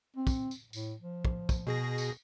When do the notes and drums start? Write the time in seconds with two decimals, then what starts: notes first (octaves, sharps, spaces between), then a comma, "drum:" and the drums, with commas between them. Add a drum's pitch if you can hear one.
0.17 C4
0.27 drum: kick, tambourine
0.51 drum: tambourine
0.73 A2, drum: tambourine
1.00 F3
1.25 drum: kick
1.49 drum: kick, tambourine
1.67 B2 G#4 A#6
1.98 drum: tambourine